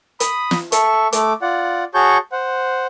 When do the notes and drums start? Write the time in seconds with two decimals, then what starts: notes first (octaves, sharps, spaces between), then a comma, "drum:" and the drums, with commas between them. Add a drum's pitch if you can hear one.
0.20 B5 D#6, drum: hi-hat
0.51 drum: snare
0.72 A4 E5 C#6, drum: hi-hat
1.13 A3 D6, drum: hi-hat
1.42 F4 D5 F#5
1.94 F#4 G#4 C#5 A5 C#6 G6
2.32 C5 F#5